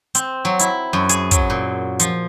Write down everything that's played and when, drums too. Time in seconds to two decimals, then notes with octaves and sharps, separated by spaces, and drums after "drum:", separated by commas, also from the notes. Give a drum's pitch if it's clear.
0.15 C4, drum: hi-hat
0.45 F#3
0.60 E4, drum: hi-hat
0.93 F#2
1.09 G#4, drum: hi-hat
1.31 F#3, drum: kick, hi-hat
1.50 A#2
2.00 F3, drum: hi-hat